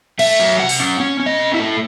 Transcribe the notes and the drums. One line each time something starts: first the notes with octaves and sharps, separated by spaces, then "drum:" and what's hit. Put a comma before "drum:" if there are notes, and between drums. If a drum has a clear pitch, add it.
A3 E5, drum: cymbal
F#3
C3 F#5
drum: open hi-hat
C#4
C#4
C#4
D#5
C#4
E4
A3